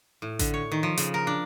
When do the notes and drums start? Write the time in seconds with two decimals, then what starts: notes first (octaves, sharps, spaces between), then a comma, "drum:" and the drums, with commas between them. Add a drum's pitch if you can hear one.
0.22 A2
0.39 D3, drum: kick A1, hi-hat
0.54 C#5
0.72 D#3
0.83 F3
0.97 C#3, drum: hi-hat
1.14 A#4
1.27 D4